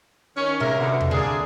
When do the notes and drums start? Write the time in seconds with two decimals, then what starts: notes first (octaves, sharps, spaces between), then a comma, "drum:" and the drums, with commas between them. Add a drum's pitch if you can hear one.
0.36 D#3 C#4
0.60 C3 G#3 A#3 A#4 E5
0.78 B2 D3
1.00 drum: tom E2
1.11 D3 A#3 D4 G#4